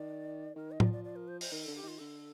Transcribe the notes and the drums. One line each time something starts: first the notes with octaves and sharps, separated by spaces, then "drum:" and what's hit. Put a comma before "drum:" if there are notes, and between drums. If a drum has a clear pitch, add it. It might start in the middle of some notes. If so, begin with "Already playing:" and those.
Already playing: D#3 D5
D#3 A#4
D#5
F3 D5, drum: tom A2
D5
D5
A#4
C5
C5, drum: open hi-hat
D#3 A#4
D3 A4
G4
D#3 F4
D3 A4